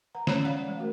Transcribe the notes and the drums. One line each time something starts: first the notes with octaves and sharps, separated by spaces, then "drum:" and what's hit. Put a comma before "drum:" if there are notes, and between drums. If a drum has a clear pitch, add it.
B4 F#5 A#5
G3 G#3 C#4 C#5, drum: snare
D5 F5 F#5
E3 G#3
A3 F#4 A#4